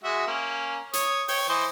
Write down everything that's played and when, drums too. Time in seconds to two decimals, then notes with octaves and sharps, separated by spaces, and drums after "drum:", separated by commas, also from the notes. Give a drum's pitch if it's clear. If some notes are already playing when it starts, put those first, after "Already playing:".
0.04 G#3 F#4 E5
0.27 A#3 C#4
0.93 C#5 D#6, drum: hi-hat
1.28 C#5 G5, drum: open hi-hat
1.49 E3 C5 D#5